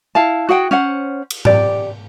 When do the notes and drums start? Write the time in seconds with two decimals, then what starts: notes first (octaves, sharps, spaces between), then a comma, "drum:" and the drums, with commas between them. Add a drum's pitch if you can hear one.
0.15 E4 F5 A5
0.49 F#4 G#4 F#5 G5
0.71 C#4 C5 F#5
1.30 drum: cymbal
1.45 G4 D5, drum: tom G#2